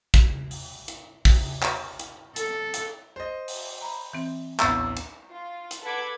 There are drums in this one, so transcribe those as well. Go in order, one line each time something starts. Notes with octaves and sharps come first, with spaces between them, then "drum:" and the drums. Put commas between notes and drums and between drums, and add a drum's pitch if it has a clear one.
drum: kick, hi-hat
drum: open hi-hat
drum: hi-hat
drum: kick, open hi-hat
drum: clap
drum: hi-hat
A4, drum: hi-hat
drum: hi-hat
C5 D#5
drum: open hi-hat
A#5 B5
E3 C4
A1 D2 B3 E6 A6, drum: clap
drum: hi-hat
F4
drum: hi-hat
A4 B4 F#5 B5 D6 G#6